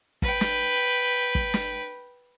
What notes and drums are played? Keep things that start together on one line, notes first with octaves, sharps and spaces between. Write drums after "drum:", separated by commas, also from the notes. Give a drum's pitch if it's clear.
B4 G5, drum: kick
drum: snare
drum: kick
drum: snare